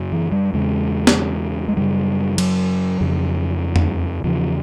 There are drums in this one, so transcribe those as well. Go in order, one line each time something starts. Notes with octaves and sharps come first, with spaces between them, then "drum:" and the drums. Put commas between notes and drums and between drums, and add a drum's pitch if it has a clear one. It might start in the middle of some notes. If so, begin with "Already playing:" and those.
Already playing: F#2 C#3
E3
G3
E2 C#3 G#3
drum: snare
G#3
F#2 C#3 G3
F#3, drum: cymbal
F2 C#3
drum: tom E2
E2 C#3 F3